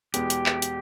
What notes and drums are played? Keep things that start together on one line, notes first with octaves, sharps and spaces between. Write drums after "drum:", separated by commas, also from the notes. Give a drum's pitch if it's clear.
E2 B2 G#3 B3 G4, drum: hi-hat
drum: hi-hat
drum: clap
drum: hi-hat